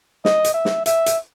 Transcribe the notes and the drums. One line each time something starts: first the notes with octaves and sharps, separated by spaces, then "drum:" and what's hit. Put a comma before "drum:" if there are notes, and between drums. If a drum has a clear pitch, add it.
D#5, drum: snare
drum: hi-hat
E5
drum: snare
E5, drum: hi-hat
drum: hi-hat